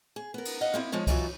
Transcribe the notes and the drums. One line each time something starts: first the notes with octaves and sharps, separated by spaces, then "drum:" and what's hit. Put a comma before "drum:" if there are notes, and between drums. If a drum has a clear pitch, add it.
G#4
B3 A#4
drum: cymbal
D#5 F5 F#5
A#3 C4 E4
F3 G#3 G#4 C#5
B2 E3 F#3 F4, drum: kick C2, cymbal